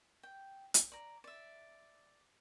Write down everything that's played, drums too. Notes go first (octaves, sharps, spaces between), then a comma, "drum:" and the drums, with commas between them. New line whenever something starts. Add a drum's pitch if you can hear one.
G5
drum: hi-hat
D5 A#5
D5 E5